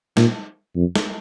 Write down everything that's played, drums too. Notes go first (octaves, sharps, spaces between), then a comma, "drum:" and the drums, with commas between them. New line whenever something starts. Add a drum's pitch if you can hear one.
A#2, drum: snare
F2
drum: snare